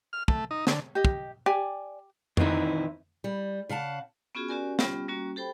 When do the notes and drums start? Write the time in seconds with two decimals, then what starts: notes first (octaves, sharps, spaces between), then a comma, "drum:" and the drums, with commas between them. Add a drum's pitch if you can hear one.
0.13 F6
0.28 A3, drum: kick
0.51 D#4
0.67 D3, drum: snare
0.95 G4 D#5
1.05 drum: kick
1.46 G4 D5 G#5
2.37 A#2 D#3 E3 C4 D#4 E4, drum: tom F2
3.24 G3
3.69 C#3 F5 F#5 A5
4.35 B3 C#4 F4 F#4 G#4
4.48 C#4 F#4 G4 A#4 D5 G#5
4.79 G3 B3 C#4 F4 G4, drum: snare
5.08 G3 A#3 C#4 F#4
5.36 G4 A4 C5 G5 B5